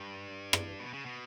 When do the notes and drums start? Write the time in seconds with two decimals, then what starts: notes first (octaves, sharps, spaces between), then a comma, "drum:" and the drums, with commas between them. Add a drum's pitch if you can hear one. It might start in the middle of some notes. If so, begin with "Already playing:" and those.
Already playing: G2
0.53 drum: rim click
0.79 B2
0.93 C#3
1.06 B2